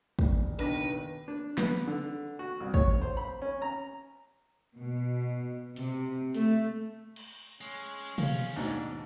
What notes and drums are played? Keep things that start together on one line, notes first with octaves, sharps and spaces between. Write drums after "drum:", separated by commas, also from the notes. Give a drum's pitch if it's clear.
E1, drum: kick
F#1 B1 D#3 D4 B4 A#6
D4
B3, drum: snare
D3
F#4
C2
C#5, drum: kick
C5
B5
C#4
A#5
B2
C3, drum: open hi-hat
A3, drum: open hi-hat
drum: cymbal
G#3 C#4
F3 C#4 F5, drum: tom
D#2 G#2 B2 D4